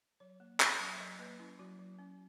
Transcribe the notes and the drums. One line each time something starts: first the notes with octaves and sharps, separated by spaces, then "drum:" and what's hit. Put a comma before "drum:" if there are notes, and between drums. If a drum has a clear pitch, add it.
F#3 C#5
A#3
C#4, drum: clap
F#3
E5
F#3 D#5
A#3 B4
C#4 E4
F#3 F#4
F#3
C#4